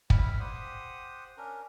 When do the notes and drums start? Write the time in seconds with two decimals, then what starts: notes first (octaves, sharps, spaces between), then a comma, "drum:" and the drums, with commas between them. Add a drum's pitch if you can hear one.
0.10 G3 E4 B4 F5, drum: kick
0.40 G4 C5 F#5 D#6
1.37 C#4 D4 A#4